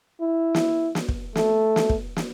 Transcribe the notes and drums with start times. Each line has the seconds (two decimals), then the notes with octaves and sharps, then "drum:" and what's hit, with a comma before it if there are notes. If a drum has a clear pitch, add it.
0.21 E4
0.54 drum: snare
0.95 drum: snare
1.08 drum: kick
1.35 A3, drum: snare
1.76 drum: snare
1.89 drum: kick
2.16 drum: snare